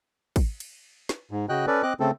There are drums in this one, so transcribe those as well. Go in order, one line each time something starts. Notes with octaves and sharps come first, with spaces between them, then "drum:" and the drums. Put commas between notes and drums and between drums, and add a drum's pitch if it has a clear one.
drum: kick, cymbal
drum: cymbal
drum: snare
G#2
C#3 F#4 D#5 G5 F#6
C#4 A4 B4 D5
C4 D#5 D6 F#6
C#3 A3 C4 A4